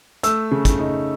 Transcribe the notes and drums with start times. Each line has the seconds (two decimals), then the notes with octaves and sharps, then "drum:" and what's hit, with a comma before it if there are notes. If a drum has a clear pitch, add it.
0.23 A3 E6, drum: hi-hat
0.51 C#3
0.65 drum: kick, hi-hat
0.79 D#4